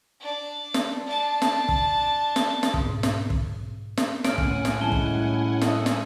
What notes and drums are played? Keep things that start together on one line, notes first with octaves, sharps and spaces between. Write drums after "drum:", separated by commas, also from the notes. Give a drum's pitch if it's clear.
D4 D5
drum: snare
D4 A5
drum: snare
drum: kick
drum: snare
drum: snare
G#2 B2, drum: kick
drum: snare
drum: kick
drum: snare
A2 C#4 F#5 G#5 F6 D7, drum: snare
drum: kick
drum: snare
G3 G#3 C#4 E4 A5 G7
drum: kick
A4 D#5, drum: snare
drum: snare